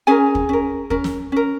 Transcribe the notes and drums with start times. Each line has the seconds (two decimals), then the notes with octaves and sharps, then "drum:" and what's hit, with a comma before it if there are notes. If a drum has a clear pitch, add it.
0.07 C#4 G#4 A#4 G#5
0.35 drum: kick
0.49 C#4 A#4
0.90 C#4 A#4, drum: kick
1.04 drum: snare
1.32 C#4 A#4